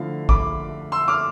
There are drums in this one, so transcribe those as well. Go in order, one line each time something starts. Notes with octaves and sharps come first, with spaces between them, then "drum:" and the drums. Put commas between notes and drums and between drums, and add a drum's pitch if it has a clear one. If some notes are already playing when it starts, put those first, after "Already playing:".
Already playing: D3 F3 A3 E4 F5
B5 D6, drum: kick G#1
C6 E6
D6 F6